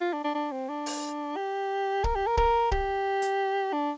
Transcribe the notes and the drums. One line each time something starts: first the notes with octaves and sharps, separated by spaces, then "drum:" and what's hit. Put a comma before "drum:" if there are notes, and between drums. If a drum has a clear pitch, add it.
F4
D4
D4
D4
C4
D4
drum: open hi-hat
G4
A#4, drum: kick
G4
A#4
A#4, drum: kick
G4, drum: kick
drum: hi-hat
D4